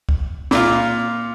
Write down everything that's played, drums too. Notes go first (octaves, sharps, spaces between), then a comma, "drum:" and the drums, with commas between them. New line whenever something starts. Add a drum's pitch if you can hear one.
drum: kick C#2
A#2 F4, drum: snare